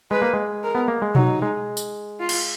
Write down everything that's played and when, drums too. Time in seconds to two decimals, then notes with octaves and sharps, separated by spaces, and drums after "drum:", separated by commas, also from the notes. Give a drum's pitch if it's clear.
0.11 G#3 B4
0.22 A#3
0.34 G#3
0.64 A#4
0.75 B3
0.88 A#3
1.02 G#3
1.15 F#3 D#4, drum: tom B2
1.42 G#3
1.77 drum: tambourine
2.20 F4
2.29 drum: cymbal